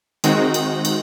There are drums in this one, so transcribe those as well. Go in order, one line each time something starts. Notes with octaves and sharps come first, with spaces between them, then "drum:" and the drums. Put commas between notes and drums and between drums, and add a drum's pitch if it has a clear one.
D#3 G#3 C4 D#4 F#4, drum: cymbal
drum: cymbal
drum: cymbal